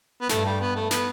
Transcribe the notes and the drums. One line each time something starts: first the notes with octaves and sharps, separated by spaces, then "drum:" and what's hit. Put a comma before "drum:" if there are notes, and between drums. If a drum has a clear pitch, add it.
B3
G2 A3, drum: snare
G3
B3
A3
B3, drum: snare